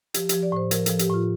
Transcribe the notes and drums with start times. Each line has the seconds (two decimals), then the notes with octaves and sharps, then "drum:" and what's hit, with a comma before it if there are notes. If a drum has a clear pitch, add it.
0.14 F3 G4, drum: hi-hat
0.29 F3 G4, drum: hi-hat
0.43 D5
0.52 A2 C5
0.71 F3 A#4, drum: hi-hat
0.86 F3 A4, drum: hi-hat
0.99 G4, drum: hi-hat
1.10 A2 F4